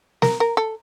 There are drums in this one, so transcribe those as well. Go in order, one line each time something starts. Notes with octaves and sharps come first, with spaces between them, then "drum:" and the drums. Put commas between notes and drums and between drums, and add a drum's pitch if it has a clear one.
A#4, drum: snare
A#4
A4